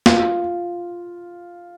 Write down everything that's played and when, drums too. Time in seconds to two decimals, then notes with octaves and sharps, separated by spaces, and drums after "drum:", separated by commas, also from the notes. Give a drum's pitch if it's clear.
0.06 F4, drum: snare